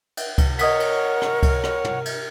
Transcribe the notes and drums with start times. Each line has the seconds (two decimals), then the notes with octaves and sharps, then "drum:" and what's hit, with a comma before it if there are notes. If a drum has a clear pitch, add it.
0.17 drum: cymbal
0.38 drum: kick C#2, cymbal
0.59 A#4 C#5 D#5 F#5 D#6 B6, drum: cymbal
0.80 drum: cymbal
1.22 drum: rim click
1.43 drum: kick C#2, cymbal
1.64 drum: rim click
1.84 drum: tom
2.05 drum: cymbal